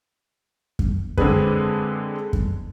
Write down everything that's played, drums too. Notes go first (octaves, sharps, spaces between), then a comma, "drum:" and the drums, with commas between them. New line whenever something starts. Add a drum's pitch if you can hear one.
drum: kick F#2
D3 G#3 C4 D4 G#4 B4, drum: kick F#2
drum: kick F#2